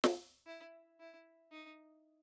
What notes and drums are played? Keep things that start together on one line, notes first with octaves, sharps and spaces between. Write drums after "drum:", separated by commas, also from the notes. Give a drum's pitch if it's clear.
drum: snare
E4
E4
D#4